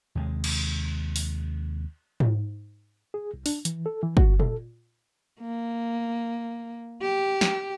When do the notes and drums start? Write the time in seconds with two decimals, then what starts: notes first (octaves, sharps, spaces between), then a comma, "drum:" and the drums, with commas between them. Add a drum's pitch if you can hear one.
0.15 D#2 C3 G#3
0.44 drum: cymbal
1.16 drum: open hi-hat
2.20 drum: tom G#2
3.14 G#4
3.34 C2
3.46 D4, drum: open hi-hat
3.65 E3, drum: hi-hat
3.86 A4
4.02 E3
4.17 F#4, drum: kick
4.40 A4, drum: tom A#2
5.41 A#3
7.02 G4
7.41 drum: snare